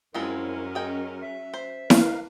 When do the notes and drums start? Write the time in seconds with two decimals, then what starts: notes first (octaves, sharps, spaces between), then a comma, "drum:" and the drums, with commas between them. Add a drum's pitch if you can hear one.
0.14 F#2 F3 F#3 G#3 C4 C#4 E4 A#4
0.75 G#4 D#5 G5
1.21 E5
1.54 C5
1.90 A#4 B4 F5, drum: snare E4